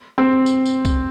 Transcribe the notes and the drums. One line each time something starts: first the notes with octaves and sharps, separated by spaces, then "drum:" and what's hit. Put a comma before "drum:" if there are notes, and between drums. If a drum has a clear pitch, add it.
C4
drum: tambourine
drum: tambourine
drum: kick, tambourine